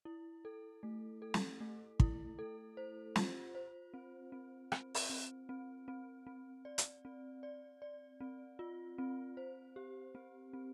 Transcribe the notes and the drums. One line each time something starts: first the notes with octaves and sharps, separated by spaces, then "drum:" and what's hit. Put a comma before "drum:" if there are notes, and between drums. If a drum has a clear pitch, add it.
E4
A4
A3
A4
drum: snare
A3
E4, drum: kick
A4
C5
F4, drum: snare
C5
C4
C4
C4, drum: rim click
drum: open hi-hat
C4
C4
C4
C4
D5
drum: hi-hat
C4
D5
D5
C4
F4
C4
C5
G4
C4
C4